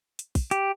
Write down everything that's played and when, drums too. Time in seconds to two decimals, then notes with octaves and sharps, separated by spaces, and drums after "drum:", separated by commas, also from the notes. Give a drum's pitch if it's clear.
0.19 drum: hi-hat
0.35 drum: kick, open hi-hat
0.51 G4, drum: hi-hat